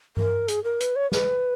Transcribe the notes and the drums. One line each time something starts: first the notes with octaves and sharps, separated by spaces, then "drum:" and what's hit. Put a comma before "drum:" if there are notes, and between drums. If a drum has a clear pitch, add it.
A#4, drum: tom G2
G#4, drum: hi-hat
A#4
B4, drum: hi-hat
C#5
B4, drum: snare